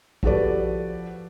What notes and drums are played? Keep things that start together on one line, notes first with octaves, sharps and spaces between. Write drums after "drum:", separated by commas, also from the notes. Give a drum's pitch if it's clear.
F3 F#4 G4 A4 B4 D5, drum: kick A#1